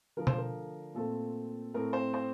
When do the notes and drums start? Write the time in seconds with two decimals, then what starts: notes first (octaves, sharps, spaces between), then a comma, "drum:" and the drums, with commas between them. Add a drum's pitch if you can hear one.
0.17 D3 F3 A3 A#4
0.27 C5, drum: tom
0.38 A#4
0.95 A#2 A3 C4 A4
1.74 A2 A3 C4 A#4
1.93 C4 C5
2.13 C4 C5